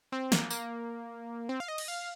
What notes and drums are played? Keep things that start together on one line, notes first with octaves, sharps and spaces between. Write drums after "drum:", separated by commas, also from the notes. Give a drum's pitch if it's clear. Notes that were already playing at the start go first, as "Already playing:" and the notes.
C4
A#3, drum: snare
A#3, drum: tambourine
C4
F5
D#5
drum: cymbal
F5